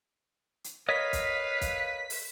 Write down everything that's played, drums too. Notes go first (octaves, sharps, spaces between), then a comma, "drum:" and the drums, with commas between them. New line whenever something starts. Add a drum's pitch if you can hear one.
drum: hi-hat
A#4 B4 C#5 D#5 F5 B6
drum: kick, hi-hat
drum: kick, hi-hat
drum: open hi-hat